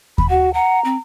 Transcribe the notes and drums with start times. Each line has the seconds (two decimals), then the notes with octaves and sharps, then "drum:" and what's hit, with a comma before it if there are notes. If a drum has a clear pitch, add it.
0.18 B5, drum: kick D#2
0.30 F#4 F#5
0.54 F#5 A#5
0.85 C4